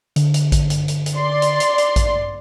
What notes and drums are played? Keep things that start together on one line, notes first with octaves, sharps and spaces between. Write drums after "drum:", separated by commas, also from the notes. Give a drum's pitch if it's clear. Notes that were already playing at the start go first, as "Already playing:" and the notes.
D3, drum: hi-hat
drum: hi-hat
drum: kick A1, hi-hat
drum: hi-hat
drum: hi-hat
drum: hi-hat
D5 C6
drum: hi-hat
drum: hi-hat
drum: hi-hat
drum: kick A1, hi-hat